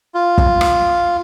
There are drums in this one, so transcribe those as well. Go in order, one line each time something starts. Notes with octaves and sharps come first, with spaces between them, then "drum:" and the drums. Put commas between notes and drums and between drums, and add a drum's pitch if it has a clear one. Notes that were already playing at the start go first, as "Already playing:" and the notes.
F4
drum: kick
drum: rim click